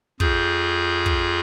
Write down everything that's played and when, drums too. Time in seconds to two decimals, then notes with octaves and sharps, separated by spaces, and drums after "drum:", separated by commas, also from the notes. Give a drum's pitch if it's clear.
0.20 F2 F4 G#4 G6, drum: kick
1.06 drum: kick